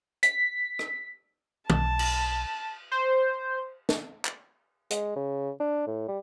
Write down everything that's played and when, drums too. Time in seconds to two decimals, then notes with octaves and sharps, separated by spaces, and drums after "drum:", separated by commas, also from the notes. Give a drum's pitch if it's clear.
0.23 B6, drum: hi-hat
0.79 drum: rim click
1.70 B1 A5, drum: tom
1.99 drum: cymbal
2.91 C5
3.89 drum: snare
4.25 drum: clap
4.91 G#3, drum: hi-hat
5.16 C#3
5.60 D4
5.87 A2
6.08 G3